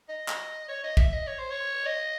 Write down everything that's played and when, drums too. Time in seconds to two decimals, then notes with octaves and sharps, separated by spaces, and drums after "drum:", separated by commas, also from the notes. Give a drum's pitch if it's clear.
0.09 D#5
0.28 drum: clap
0.68 C#5
0.83 D#5
0.97 E5, drum: kick
1.13 D#5
1.27 C#5
1.39 C5
1.51 C#5
1.86 D#5